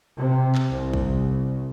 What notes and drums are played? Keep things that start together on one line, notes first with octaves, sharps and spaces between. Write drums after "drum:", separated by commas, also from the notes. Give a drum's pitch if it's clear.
C3
drum: clap
C2
drum: kick